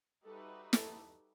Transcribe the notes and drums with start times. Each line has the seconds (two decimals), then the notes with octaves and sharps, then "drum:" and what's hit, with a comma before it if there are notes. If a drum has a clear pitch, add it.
0.25 G3 D#4 F#4 A4 B4 E5
0.73 A4, drum: snare